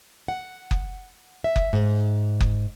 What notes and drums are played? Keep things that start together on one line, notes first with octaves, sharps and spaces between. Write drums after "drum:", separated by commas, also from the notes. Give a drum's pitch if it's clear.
F#5
drum: kick F#1
E5
drum: kick F#1
G#2
drum: kick F#1